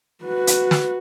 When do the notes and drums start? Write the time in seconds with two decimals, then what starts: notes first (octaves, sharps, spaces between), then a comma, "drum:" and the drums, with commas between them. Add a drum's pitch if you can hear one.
0.24 F#4 B4
0.47 drum: hi-hat
0.71 drum: snare